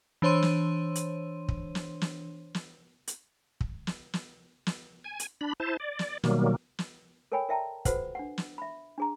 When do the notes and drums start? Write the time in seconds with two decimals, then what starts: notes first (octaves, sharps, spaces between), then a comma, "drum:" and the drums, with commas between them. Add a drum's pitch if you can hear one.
0.22 E3 D4 C5 C#5 C6 D#7
0.42 drum: snare
0.95 drum: hi-hat
1.48 drum: kick
1.75 drum: snare
2.01 drum: snare
2.54 drum: snare
3.08 drum: hi-hat
3.61 drum: kick
3.87 drum: snare
4.14 drum: snare
4.67 drum: snare
5.04 G#5
5.20 drum: hi-hat
5.41 D4 B5
5.60 E4 C5 A5
5.80 D5
5.99 drum: snare
6.24 B2 D#3 F#3 G3 A#3, drum: snare
6.79 drum: snare
7.32 A4 A#4 C#5 G5 G#5 B5
7.49 A#4 D5 E5 G5 A5 A#5
7.85 F4 F#4 A4 B4 C5 F#5, drum: kick, hi-hat
8.15 D4 F#5
8.38 drum: snare
8.58 E5 B5
8.98 D4 G#4 A#5